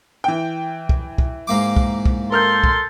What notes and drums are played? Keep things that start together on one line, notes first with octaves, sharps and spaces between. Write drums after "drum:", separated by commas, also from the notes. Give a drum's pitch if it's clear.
E3 G5
drum: kick
drum: kick
G#2 A#3 D6
drum: kick
drum: kick
A4 A#4 C6 F6 G6
drum: kick